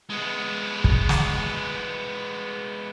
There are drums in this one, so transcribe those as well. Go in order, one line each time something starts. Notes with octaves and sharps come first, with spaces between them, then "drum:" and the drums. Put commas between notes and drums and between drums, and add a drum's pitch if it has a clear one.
G#3 B3
drum: kick
drum: snare